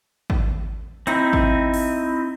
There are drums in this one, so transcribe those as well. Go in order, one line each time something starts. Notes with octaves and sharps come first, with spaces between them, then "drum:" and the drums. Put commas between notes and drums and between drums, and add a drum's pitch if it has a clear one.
drum: kick G#1
C4 D#4 E4, drum: hi-hat
drum: kick G#1
drum: open hi-hat